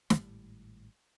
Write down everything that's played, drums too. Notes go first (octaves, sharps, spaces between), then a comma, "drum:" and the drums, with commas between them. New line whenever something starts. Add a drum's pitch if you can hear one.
G#1 A2 G3, drum: snare